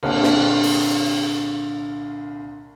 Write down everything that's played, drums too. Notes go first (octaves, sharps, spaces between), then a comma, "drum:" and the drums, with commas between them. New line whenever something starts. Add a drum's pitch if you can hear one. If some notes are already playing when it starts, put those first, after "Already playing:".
C2 A#2 D3 F6, drum: cymbal
drum: snare
drum: open hi-hat